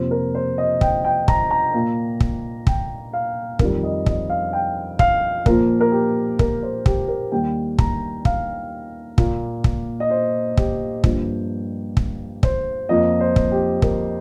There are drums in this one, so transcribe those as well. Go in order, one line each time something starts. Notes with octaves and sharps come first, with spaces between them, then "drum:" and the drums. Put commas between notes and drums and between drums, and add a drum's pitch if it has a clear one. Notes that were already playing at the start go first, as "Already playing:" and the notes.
Already playing: F2 C3 F3 A#3 C5
A#4
C5
D#5
G5, drum: kick
G5
A#5, drum: kick
A#5
A#2 A#3
drum: kick
G5, drum: kick
F5
F2 D#3 G3 A#4, drum: kick
D#5
D#5, drum: kick
F5
G5
F5, drum: kick
A#2 F3 A#3 A#4, drum: kick
A#4
G4
A#4, drum: kick
C5
G4, drum: kick
A#4
D#2 D#3 G3 A#3 G5
A#5, drum: kick
F5, drum: kick
A#2 A#3, drum: kick
drum: kick
D#5
C5
G4, drum: kick
G2 F3 A#3, drum: kick
drum: kick
C5, drum: kick
F2 F3 A#3 D#5
C5
drum: kick
G4
A#4, drum: kick